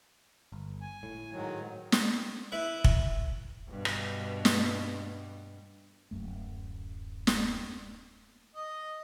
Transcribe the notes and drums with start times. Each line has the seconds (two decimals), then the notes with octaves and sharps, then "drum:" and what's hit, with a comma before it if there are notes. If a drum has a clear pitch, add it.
0.52 G1
0.81 G#5
1.03 A2
1.32 G#2 D#3 F#3
1.92 drum: snare
2.52 E4 B4 E5
2.84 drum: kick
3.69 G2 B2
3.85 drum: rim click
4.45 drum: snare
6.11 D1 F#2 A3
7.27 drum: snare
8.55 D#5